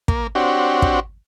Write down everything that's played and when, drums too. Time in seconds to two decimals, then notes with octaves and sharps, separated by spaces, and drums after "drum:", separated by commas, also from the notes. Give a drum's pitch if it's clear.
0.08 A#3, drum: kick
0.35 C4 D4 F#4 G4 C#5
0.82 drum: kick